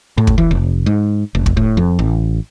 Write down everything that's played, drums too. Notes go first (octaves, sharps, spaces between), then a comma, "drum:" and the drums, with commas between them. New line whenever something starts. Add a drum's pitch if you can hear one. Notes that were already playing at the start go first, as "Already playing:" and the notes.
A2
drum: kick
E3
F1
G#2
F1
drum: kick
A2
F2
A1